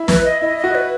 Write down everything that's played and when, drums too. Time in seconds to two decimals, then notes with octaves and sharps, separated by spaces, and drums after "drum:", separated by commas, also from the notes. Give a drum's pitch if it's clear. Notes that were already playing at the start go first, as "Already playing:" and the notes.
Already playing: E4
0.08 B4, drum: snare
0.25 D#5
0.41 E4 D#5
0.58 D#5
0.64 F#4
0.75 B4